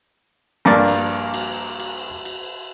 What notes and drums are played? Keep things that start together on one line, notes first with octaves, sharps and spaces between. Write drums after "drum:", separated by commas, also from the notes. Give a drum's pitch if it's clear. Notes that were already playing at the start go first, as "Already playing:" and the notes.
A#1 G2 A#3 D5
drum: cymbal
drum: cymbal
drum: cymbal
drum: cymbal